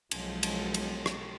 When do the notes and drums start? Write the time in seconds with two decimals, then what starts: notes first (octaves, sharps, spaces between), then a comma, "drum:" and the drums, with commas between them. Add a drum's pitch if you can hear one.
0.11 B1 F3 F#3 G#3, drum: cymbal
0.43 drum: cymbal
0.74 drum: cymbal
1.06 drum: rim click